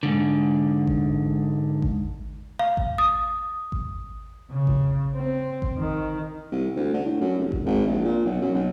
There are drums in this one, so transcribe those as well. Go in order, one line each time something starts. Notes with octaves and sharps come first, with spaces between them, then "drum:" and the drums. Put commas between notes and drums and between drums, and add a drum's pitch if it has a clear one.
G#2 D3
drum: kick G#1
drum: kick G#1
F5
drum: kick G#1
D#6
drum: kick G#1
C#3
drum: kick G#1
C4
drum: kick G#1
D#3
C2
D2
D3
A2
F#2
F1
drum: kick G#1
G#1
A#1
A#2
B1
F#2
B1